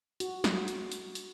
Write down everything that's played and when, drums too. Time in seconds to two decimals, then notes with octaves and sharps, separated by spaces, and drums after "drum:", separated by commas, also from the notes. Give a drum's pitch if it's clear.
0.20 F#4, drum: hi-hat
0.44 drum: snare
0.68 drum: hi-hat
0.92 drum: hi-hat
1.15 drum: hi-hat